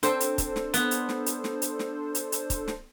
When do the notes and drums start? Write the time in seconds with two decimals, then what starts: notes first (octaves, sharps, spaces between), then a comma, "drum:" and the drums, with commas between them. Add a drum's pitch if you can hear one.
0.03 C4 D4 A4 C5, drum: hi-hat
0.20 drum: hi-hat
0.38 drum: kick, hi-hat
0.56 drum: snare
0.74 B3, drum: hi-hat
0.91 drum: hi-hat
1.09 drum: snare
1.26 drum: hi-hat
1.44 drum: snare
1.62 drum: hi-hat
1.79 drum: snare
2.15 drum: hi-hat
2.32 drum: hi-hat
2.50 drum: kick, hi-hat
2.68 drum: snare